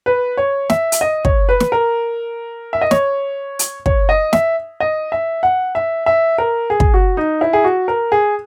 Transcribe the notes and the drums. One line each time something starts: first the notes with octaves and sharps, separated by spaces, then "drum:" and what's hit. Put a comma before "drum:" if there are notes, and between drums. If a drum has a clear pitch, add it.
B4
C#5
E5, drum: snare
drum: hi-hat
D#5
C#5, drum: kick
B4
drum: snare
A#4
E5
D#5
C#5, drum: snare
drum: hi-hat
C#5, drum: kick
D#5
E5, drum: snare
D#5
E5
F#5
E5
E5
A#4
G#4
drum: kick
F#4
D#4
E4
G#4
F#4
A#4
G#4